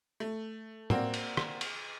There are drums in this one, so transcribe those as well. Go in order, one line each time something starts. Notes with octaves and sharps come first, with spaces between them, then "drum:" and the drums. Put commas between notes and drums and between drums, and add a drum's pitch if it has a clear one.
A3
A#3 C4 F#4 D5, drum: tom A2
drum: cymbal
drum: rim click
drum: cymbal